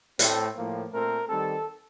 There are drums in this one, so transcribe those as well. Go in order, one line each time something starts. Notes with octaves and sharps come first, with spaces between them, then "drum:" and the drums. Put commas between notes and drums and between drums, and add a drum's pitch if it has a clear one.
A2 A3 C4, drum: hi-hat
A2 F3 A#3
A#2 A3 C4 A#4
D#3 G3 C4 A4